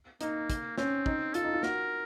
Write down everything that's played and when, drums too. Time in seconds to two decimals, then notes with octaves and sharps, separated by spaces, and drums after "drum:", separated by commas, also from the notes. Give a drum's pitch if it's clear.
0.21 A#3 D#4, drum: hi-hat
0.50 drum: kick, hi-hat
0.78 C4 C#4, drum: snare
1.06 D#4, drum: kick
1.34 F4 A4, drum: hi-hat
1.44 D#4
1.54 F4
1.63 F#4 A#4, drum: snare